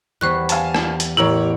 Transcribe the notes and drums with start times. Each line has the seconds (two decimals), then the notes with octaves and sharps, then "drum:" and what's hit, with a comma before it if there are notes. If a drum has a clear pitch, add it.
0.21 E2 G3 C5 B5 C#6 F#6
0.49 F5 G#5 A5, drum: hi-hat
0.75 drum: rim click
1.00 drum: hi-hat
1.17 A1 E3 E4 G4 A#4 C#5